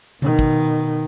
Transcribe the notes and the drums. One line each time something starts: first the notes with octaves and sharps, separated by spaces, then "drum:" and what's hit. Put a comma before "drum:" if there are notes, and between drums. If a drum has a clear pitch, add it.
B2 D#3, drum: tom C3
drum: kick